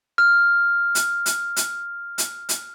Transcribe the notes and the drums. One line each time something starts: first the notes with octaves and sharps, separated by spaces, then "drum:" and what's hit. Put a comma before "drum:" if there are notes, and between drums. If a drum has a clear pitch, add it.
F6
drum: hi-hat
drum: hi-hat
drum: hi-hat
drum: hi-hat
drum: hi-hat